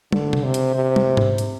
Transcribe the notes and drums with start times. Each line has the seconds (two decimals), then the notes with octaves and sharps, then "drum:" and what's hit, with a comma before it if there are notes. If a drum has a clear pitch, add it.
0.12 D3, drum: tom
0.33 drum: tom C3
0.44 C3
0.54 drum: hi-hat
0.75 C3
0.96 drum: tom
1.17 drum: tom G#2
1.38 drum: hi-hat